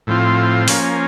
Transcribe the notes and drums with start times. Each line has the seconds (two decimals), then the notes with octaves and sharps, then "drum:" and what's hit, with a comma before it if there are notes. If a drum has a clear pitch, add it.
0.07 A2 F3 C4 F4
0.68 F3 A#3 C#4, drum: open hi-hat